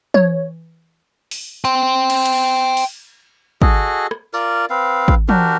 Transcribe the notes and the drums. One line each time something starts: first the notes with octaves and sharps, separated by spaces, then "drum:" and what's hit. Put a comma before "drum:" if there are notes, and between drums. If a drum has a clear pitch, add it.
C#5, drum: tom
drum: open hi-hat
G5 C6, drum: hi-hat
drum: cymbal
drum: cymbal
drum: open hi-hat
F#4 G#4 A4 D#5, drum: kick
drum: rim click
F4 A#4 D5, drum: tambourine
C4 B4 F5
drum: kick
D4 F#4 G4 A#4, drum: tom